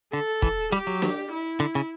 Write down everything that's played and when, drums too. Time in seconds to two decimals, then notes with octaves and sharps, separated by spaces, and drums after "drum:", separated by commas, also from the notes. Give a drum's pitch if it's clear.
0.12 D3 A4
0.42 E3, drum: kick
0.72 G3 G4
0.87 F#3
1.02 drum: snare
1.31 E4
1.60 D3
1.75 C#3